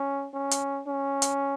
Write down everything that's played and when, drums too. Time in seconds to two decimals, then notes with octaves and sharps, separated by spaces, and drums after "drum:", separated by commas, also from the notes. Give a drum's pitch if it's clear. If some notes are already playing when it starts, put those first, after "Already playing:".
Already playing: C#4
0.34 C#4
0.51 drum: hi-hat
0.87 C#4
1.22 drum: hi-hat